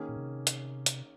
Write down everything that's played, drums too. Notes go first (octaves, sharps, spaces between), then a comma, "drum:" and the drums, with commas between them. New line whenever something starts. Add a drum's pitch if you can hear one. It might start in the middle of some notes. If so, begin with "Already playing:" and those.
Already playing: D#3 A#3 C#4 G#4
A#2
C3
drum: hi-hat
drum: hi-hat